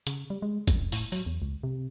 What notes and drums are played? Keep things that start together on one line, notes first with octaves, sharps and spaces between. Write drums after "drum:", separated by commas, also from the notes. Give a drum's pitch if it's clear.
C#3, drum: hi-hat
G3
G#3
F#2, drum: kick A1, hi-hat
E1
A2, drum: open hi-hat
F#3, drum: open hi-hat
E2
C#2
C3